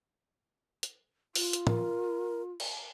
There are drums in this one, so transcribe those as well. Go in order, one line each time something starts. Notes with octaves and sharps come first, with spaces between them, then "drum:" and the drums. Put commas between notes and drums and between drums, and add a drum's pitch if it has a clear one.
drum: hi-hat
F4, drum: open hi-hat
drum: hi-hat
A#4, drum: tom
drum: cymbal